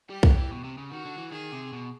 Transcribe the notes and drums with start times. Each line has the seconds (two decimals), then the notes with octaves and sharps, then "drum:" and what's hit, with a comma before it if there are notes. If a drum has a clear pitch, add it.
0.10 G3 G4
0.23 F#3, drum: kick B1
0.38 E3
0.51 B2
0.64 C3
0.78 C#3
0.91 D#3 F#4
1.06 D3
1.18 E3
1.32 D#3 G#4
1.52 C3
1.73 B2